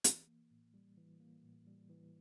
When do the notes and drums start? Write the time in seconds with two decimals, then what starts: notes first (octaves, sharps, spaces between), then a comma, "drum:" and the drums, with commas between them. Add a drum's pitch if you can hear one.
0.04 E3, drum: hi-hat
0.27 A#3
0.51 A2
0.74 G3
0.97 E3
1.20 A#3
1.43 A2
1.67 G3
1.90 E3